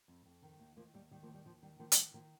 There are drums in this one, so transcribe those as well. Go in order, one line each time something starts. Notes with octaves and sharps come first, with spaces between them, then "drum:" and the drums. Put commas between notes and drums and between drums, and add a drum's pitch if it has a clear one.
F2
F2
D#3
D#2
D#3 F3 A#3
D#2 G3
D#3 G3
F3 A#3
D#2
G3
D#2 F3
D#3 G3
D#3 F3 A#3
A#3, drum: hi-hat
D#3 G3
D#3 F3 A#3